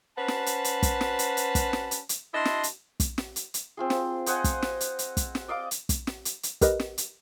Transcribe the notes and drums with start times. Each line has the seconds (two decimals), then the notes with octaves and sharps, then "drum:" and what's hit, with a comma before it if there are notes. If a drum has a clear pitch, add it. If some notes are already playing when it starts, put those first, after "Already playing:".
0.18 C#4 B4 C5 F#5 A5
0.28 drum: snare
0.46 drum: hi-hat
0.64 drum: hi-hat
0.83 drum: kick, hi-hat
1.01 drum: snare
1.19 drum: hi-hat
1.37 drum: hi-hat
1.55 drum: kick, hi-hat
1.73 drum: snare
1.91 drum: hi-hat
2.09 drum: hi-hat
2.34 D4 E4 D#5 A5 C6
2.45 drum: snare
2.63 drum: hi-hat
3.00 drum: kick, hi-hat
3.18 drum: snare
3.36 drum: hi-hat
3.54 drum: hi-hat
3.77 C4 F4 G#4
3.90 drum: snare
4.26 C5 D#5 F#5 G#5, drum: hi-hat
4.44 drum: kick, hi-hat
4.62 drum: snare
4.81 drum: hi-hat
4.99 drum: hi-hat
5.17 drum: kick, hi-hat
5.35 drum: snare
5.48 D5 D#5 F5 D6
5.71 drum: hi-hat
5.89 drum: kick, hi-hat
6.07 drum: snare
6.25 drum: hi-hat
6.43 drum: hi-hat
6.61 G4 A#4 B4 D#5, drum: kick, hi-hat
6.80 drum: snare
6.98 drum: hi-hat